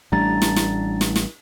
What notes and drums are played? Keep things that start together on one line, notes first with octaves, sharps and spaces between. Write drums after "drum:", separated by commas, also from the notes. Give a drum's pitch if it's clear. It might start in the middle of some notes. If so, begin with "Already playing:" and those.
A1 G3 A3 D4 A#5 A6
drum: snare
drum: snare
drum: snare
drum: snare